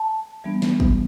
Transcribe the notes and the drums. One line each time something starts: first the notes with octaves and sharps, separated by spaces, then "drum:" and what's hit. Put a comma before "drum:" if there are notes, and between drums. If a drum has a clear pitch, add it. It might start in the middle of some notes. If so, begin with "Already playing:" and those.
Already playing: A5
E3 G3 B3 D4
drum: snare
drum: kick